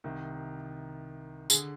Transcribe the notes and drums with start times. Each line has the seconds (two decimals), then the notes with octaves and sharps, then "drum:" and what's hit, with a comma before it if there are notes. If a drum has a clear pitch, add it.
0.04 C2 C3 D#3
1.50 D3 G#4, drum: tambourine